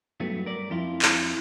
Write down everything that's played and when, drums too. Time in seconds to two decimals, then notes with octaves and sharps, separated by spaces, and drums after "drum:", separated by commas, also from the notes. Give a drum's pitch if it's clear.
0.20 G2 F#3 A3 B3
0.46 A#4 D5
0.70 F2 E4 F4
1.02 drum: clap